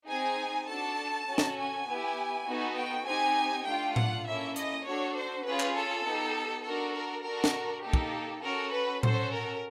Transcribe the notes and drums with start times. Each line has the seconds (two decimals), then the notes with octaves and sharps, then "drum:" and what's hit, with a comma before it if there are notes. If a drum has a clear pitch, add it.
0.08 C4 D#4 G#4 G#5
0.67 D4 F#4 A4 A5
1.28 C#4 F#4 A4
1.38 drum: snare
1.57 G#5
1.87 B3 E4 G4
2.47 B3 D#4 F#4 A4
2.76 G5
3.07 C4 D#4 G4 G#5
3.66 A3 D4 F4 G5
3.96 F#5, drum: tom A2
4.26 A#3 C#4 E4 A4 E5
4.56 D#5, drum: hi-hat
4.86 D4 F#4 A4 C#5
5.15 C5
5.45 C#4 F4 G#4 B4
5.60 drum: clap
5.75 A4
6.05 B3 D#4 G4
6.64 D4 F#4 A4 A#4
6.94 A#4
7.24 D4 F#4 A4 A#4
7.44 drum: snare
7.83 A#3 D#4 G4 A4
7.93 drum: kick
8.43 C#4 F#4 A4 A#4
8.73 B4
9.03 C#4 F#4 A4 C5, drum: tom A2
9.33 A#4